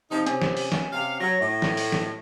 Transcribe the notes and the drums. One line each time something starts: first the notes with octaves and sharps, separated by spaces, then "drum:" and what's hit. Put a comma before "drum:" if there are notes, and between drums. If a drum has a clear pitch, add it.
C3 F3 D#4
C3 C#4, drum: hi-hat
drum: snare
drum: open hi-hat
drum: snare
C3 F5
F#3 A#6
A2 A3
drum: snare
drum: open hi-hat
drum: snare